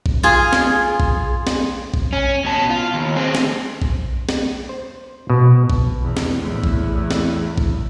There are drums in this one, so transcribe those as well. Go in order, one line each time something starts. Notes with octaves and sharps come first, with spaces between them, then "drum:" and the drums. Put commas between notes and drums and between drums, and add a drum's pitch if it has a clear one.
drum: kick A#1
F4 G#4
drum: snare
drum: kick A#1
drum: snare
drum: kick A#1
C#4
B2 A5
F4
D#2
C4 G#4
drum: snare
drum: kick A#1
drum: snare
C5
B2
drum: kick A#1
E2
drum: snare
E2 A2
drum: kick A#1
drum: snare
drum: kick A#1